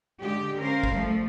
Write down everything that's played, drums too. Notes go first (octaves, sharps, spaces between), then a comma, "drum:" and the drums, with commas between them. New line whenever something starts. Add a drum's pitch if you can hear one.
D3 G#3 G4
C#4 A#4 C5 F5
drum: kick
F3 G3 A3